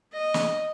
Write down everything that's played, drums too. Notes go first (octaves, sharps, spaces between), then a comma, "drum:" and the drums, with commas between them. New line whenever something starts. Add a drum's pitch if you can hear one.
D#5
drum: snare